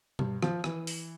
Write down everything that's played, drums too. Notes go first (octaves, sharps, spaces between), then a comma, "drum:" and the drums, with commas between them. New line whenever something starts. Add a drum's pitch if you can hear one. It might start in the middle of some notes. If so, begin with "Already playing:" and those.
G2, drum: tom B2
F3, drum: rim click
E3, drum: rim click
drum: open hi-hat